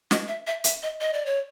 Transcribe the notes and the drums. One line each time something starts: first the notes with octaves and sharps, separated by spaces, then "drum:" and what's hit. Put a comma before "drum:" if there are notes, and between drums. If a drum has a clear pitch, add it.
D#5, drum: snare
E5
E5
E5, drum: hi-hat
D#5
D#5
D5
C#5